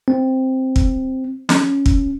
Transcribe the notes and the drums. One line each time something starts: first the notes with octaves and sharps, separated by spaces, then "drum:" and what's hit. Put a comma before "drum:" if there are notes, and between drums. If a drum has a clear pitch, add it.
C4
drum: kick
C#4, drum: snare
drum: kick